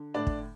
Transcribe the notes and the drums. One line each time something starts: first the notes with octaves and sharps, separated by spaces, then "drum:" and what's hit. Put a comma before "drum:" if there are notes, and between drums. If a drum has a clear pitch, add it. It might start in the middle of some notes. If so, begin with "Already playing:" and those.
Already playing: D3
A2 D4 D5
drum: kick